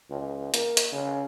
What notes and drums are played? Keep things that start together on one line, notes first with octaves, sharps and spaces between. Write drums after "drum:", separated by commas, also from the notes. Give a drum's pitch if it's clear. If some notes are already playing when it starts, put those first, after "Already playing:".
C#2
A#3, drum: hi-hat
drum: hi-hat
C#3